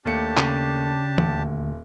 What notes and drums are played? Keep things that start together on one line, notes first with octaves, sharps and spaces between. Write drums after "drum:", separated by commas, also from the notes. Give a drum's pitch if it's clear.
D#2 A3 D4 G4 A5 C#7
C#3, drum: clap
D#1 D2, drum: tom